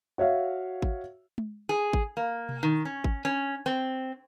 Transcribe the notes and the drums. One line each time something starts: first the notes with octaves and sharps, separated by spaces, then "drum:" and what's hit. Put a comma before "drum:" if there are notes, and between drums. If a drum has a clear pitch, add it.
F#4 C#5 E5 F5
drum: kick G#1
drum: tom G#3
G#4
drum: kick G#1
A#3
drum: tom B2
D#3
C#4
drum: kick G#1
C#4
C4